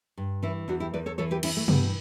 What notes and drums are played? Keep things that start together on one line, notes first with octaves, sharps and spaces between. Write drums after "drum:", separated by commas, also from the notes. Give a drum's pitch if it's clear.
G2
E3 C#4 E4
E2 D4 F#4
E4 G4
E2 B4 D5
A4 C#5
E3 A4 C#5
G4 B4
E3 C#4 E4, drum: cymbal
A3
G2 G3 B3, drum: tom